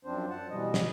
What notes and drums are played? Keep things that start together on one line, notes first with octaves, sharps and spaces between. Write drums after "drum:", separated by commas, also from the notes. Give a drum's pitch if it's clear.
F#2 F3 C4 D4 C5
F#5 A5
B2 E3 G3 D#5
drum: snare